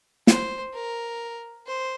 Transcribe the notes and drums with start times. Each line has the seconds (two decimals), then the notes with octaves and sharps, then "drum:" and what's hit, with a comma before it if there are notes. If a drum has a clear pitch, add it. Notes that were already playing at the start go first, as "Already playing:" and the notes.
0.27 C5, drum: snare
0.73 A#4
1.67 C5